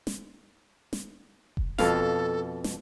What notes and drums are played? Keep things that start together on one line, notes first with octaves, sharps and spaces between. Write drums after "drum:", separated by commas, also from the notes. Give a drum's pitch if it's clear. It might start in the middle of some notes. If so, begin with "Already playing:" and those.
drum: snare
drum: snare
drum: kick F1
F2 B2 A4 F5, drum: snare
drum: snare